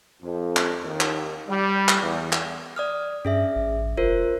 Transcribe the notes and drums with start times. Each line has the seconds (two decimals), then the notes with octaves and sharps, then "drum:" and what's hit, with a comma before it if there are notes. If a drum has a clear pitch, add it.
0.22 F2
0.57 drum: clap
0.83 D#2
1.00 drum: clap
1.48 G3
1.88 drum: clap
2.01 E2
2.32 drum: clap
2.76 D5 D#6 F6
3.25 G2 C#4 G#4 E5
3.56 A1
3.97 F1 F4 A#4 C5